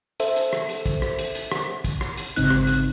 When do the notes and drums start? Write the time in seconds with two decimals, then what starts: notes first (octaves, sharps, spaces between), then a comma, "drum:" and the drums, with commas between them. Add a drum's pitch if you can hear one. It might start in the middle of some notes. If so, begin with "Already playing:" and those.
0.20 A4 C5 E5, drum: hi-hat
0.36 drum: hi-hat
0.53 drum: rim click
0.69 drum: hi-hat
0.86 drum: kick, hi-hat
1.02 drum: rim click
1.19 drum: hi-hat
1.35 drum: hi-hat
1.52 drum: rim click
1.84 drum: kick, hi-hat
2.01 drum: rim click
2.17 drum: hi-hat
2.36 G#1 G#2 C#3 C4 D#4 F#6, drum: hi-hat
2.50 drum: rim click
2.67 drum: hi-hat